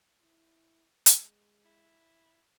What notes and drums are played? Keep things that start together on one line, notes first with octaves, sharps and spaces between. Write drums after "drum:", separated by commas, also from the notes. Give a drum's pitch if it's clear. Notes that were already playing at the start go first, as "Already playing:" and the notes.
E4
G#3, drum: hi-hat
E4